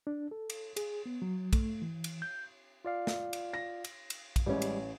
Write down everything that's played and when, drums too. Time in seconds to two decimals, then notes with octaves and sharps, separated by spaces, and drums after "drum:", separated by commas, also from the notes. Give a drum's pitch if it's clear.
0.07 D4
0.31 A4
0.50 drum: cymbal
0.76 G#4, drum: cymbal
1.06 B3
1.22 F#3
1.53 A3, drum: kick, cymbal
1.82 E3
2.04 drum: cymbal
2.22 G6
2.85 F4 D5 F5
3.07 drum: snare
3.33 drum: cymbal
3.54 A#6
3.84 drum: cymbal
4.10 drum: cymbal
4.36 drum: kick, cymbal
4.46 A1 G3 G#3 C#4
4.62 drum: cymbal